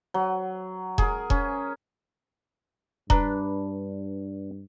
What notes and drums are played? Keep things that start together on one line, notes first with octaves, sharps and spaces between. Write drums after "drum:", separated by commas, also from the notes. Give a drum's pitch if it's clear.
F#3
G#4 A#4, drum: kick E1
C#4, drum: kick E1
G2 D4 B4 A#5, drum: kick E1